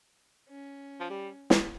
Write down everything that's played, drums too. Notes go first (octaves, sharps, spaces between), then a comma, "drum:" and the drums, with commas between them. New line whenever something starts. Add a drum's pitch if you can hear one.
C#4
F3
G3
drum: snare